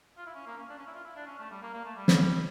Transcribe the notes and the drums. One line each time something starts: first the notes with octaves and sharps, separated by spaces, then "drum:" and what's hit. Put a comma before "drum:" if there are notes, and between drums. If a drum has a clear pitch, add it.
F4
E4
C#4
A#3
C#4
D4
C#4
E4
F4
E4
D4
C#4
A3
G3
A#3
A#3
A3
G3
drum: snare